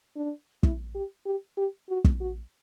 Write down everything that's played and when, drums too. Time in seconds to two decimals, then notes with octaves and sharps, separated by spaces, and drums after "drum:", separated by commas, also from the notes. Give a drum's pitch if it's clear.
0.16 D4
0.63 E4, drum: kick
0.95 G4
1.26 G4
1.57 G4
1.89 F#4
2.04 drum: kick
2.20 F#4